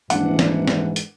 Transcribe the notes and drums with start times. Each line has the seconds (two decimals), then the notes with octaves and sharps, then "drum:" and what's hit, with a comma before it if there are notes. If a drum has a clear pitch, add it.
0.10 D#1 G#2 E3 D4 F#5, drum: hi-hat
0.39 drum: snare
0.68 drum: snare
0.96 drum: hi-hat